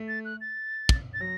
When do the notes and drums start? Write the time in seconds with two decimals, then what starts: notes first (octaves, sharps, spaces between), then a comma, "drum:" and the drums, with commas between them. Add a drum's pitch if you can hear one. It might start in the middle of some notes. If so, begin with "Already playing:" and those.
Already playing: A3
0.08 A6
0.25 F#6
0.41 A6
0.89 drum: kick
1.14 A6
1.21 F#3 A#6